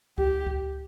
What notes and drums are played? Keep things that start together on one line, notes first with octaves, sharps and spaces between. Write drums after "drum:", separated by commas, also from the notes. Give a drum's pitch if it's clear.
G4, drum: kick C#2
drum: kick C#2